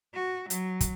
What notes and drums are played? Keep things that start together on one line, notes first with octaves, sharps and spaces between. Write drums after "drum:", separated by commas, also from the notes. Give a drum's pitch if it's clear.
F#4
F#3, drum: hi-hat
drum: kick, hi-hat